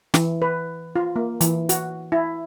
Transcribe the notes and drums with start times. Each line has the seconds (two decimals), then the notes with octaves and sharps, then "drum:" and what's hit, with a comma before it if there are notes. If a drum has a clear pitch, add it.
0.14 E3, drum: snare
0.42 B4
0.96 F4
1.16 A#3
1.41 E3, drum: hi-hat
1.69 F#4, drum: hi-hat
2.12 E4